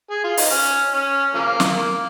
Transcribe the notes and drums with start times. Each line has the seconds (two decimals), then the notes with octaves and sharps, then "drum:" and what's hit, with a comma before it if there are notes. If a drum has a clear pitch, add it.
0.10 G#4
0.24 F4
0.37 D#4, drum: open hi-hat
0.51 C#4
0.93 C#4
1.34 C#3 F3 A#3
1.60 drum: snare
1.77 A#3